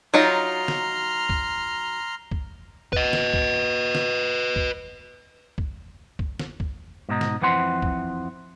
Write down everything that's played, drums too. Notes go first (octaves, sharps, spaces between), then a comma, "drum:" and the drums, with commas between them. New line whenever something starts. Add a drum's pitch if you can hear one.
F#3 D#4 F4 A#5 C6 F6
drum: snare
drum: kick
drum: kick
B4 D#5, drum: kick
drum: snare
drum: kick
drum: snare
drum: kick
drum: kick
drum: kick
drum: snare
drum: kick
G#2 B2 D#4
drum: snare
F2 E3 C4 F#5 C6
drum: kick